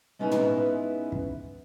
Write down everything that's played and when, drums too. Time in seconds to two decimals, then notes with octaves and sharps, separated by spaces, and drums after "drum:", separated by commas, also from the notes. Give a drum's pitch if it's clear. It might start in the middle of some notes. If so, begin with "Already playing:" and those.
0.19 G#3 B3 C#4 D#4 E4 B4
0.31 drum: tom
1.12 drum: kick